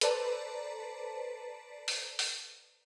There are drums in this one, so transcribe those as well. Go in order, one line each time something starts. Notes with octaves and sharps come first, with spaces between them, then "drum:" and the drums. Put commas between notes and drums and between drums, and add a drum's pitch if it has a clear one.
A4 B4 C5 D5 A5 A#5, drum: hi-hat
drum: open hi-hat
drum: open hi-hat